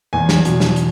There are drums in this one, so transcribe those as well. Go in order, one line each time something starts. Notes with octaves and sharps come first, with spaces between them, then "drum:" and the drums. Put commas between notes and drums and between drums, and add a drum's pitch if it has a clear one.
E2 G#5
drum: snare
B2, drum: hi-hat
drum: snare
drum: hi-hat